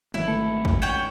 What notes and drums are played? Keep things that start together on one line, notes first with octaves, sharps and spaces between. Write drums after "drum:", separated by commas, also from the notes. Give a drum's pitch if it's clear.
G#1 F#3 E4, drum: tom
A3 C#7
drum: kick
C#4 F#5 G5 E7